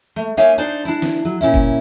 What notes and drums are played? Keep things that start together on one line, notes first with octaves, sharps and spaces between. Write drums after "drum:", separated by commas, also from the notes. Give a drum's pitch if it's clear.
A3
A#3 D#4 C#5 E5 F5 G#5
D4 D#4 C5 D5
D4 E4
drum: snare E3
F#3
A#2 C#4 E4
drum: kick